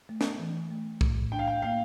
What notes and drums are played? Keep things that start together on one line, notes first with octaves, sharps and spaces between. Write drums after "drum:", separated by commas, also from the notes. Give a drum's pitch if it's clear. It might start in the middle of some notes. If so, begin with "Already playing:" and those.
A3
drum: snare
E3
A3
A2, drum: kick
D4 G5
F5
G5
A#3 F5